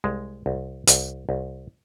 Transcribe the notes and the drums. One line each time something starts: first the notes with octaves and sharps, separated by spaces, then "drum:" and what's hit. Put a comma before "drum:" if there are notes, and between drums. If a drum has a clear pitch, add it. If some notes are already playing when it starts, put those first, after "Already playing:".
C2 G#3
C2
C2, drum: hi-hat
C2